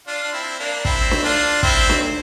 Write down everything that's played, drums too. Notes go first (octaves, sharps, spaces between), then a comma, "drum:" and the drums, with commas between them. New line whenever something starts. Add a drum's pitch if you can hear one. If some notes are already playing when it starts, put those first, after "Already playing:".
D4 F4
D4
C4 E4
A#3 D4
C4 E4, drum: kick
drum: snare D4
D4 F4
C4 E4, drum: kick
drum: snare D4